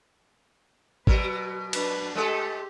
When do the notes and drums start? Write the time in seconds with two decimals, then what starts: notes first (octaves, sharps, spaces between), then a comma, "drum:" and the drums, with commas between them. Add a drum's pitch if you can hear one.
1.07 B2 F#3 A#4 B4, drum: kick G#1
1.73 D4 B4, drum: cymbal
2.15 G#3 A3 G4 A4